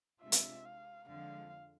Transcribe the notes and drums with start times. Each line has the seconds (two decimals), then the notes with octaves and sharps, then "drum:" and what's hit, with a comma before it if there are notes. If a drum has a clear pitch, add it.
0.22 C3 G#3 D4 F4 E5
0.32 drum: hi-hat
0.65 F5
1.08 F2 D3 F3 G#3 F5